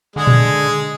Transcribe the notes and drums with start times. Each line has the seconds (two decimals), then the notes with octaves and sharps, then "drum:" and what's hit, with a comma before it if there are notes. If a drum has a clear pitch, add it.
0.16 D3 G#3 G#4
0.27 drum: tom A#2